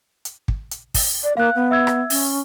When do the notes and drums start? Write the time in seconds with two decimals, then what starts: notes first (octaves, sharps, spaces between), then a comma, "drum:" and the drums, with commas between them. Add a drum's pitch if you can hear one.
0.25 drum: hi-hat
0.48 drum: kick
0.71 drum: hi-hat
0.94 drum: kick, open hi-hat
1.23 D5
1.37 A#3 F5 F#6
1.55 B3
1.71 E5 E6 G#6
1.87 drum: rim click
2.10 C#4, drum: open hi-hat